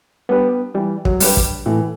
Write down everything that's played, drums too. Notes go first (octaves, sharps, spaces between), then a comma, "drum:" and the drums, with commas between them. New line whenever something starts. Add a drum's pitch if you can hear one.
G3 B3 D4 G4 B4
E3 G3
F#3, drum: kick
G3 D4 G4 B4, drum: open hi-hat
drum: kick
A2 E3